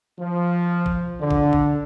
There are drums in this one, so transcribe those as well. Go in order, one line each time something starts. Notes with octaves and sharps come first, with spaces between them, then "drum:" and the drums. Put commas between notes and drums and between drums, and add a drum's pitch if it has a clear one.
F3
drum: kick
D3
drum: kick
drum: kick